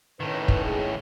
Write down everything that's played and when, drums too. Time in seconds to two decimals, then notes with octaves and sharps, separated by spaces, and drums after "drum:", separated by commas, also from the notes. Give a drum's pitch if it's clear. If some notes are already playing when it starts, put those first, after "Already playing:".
0.20 A2 D#3 C#4 B4
0.48 drum: kick
0.64 G#3 C#4 G#4